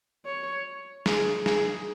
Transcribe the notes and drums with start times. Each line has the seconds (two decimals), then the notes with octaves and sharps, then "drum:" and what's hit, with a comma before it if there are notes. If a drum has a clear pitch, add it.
0.26 C#5
1.06 G#4, drum: snare
1.46 G#4, drum: snare